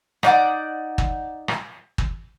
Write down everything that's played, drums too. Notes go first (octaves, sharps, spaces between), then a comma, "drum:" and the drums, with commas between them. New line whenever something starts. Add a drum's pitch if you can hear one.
D#4 D5 F#5 D6, drum: rim click
drum: kick
drum: rim click
drum: kick